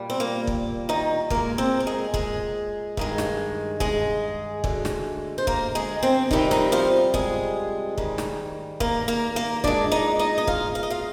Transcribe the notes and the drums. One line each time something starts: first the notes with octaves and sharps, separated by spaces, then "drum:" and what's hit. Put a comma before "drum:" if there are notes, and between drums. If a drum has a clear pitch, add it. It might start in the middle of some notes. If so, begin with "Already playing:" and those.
Already playing: A#2 G3
C4
A#3
drum: kick
D#3 D#4
A#2 G#3 A#3 A#4, drum: kick
C4 C5
A#4
G#3 G#4
G#3 G#4, drum: kick
G2 D#3 G#3, drum: kick
drum: snare
G#3 G#4, drum: kick
D2 D3 G#3, drum: kick
drum: snare
C5
A#3 A#4, drum: kick
G#3 G#4
C4 C5
F2 C3 D#3 G3 D#4, drum: kick
D#3 D#4, drum: snare
F3 F4
G#3 G#4, drum: kick
G#2 D#3 G3, drum: kick
drum: snare
A#3 A#4, drum: kick
A#3 A#4
A#3 A#4
A#2 G#3 D4 D5, drum: kick
D#4 D#5
D#4 D#5
D#5
F4 F5, drum: kick
F5
D#5
F4 F5